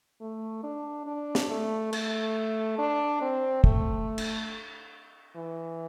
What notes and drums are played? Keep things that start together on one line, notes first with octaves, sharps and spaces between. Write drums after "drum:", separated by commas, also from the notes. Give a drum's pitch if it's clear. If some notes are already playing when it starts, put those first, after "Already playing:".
A3
D4
D4
drum: snare
A3
A3, drum: cymbal
D4
C4
A3, drum: kick
drum: cymbal
E3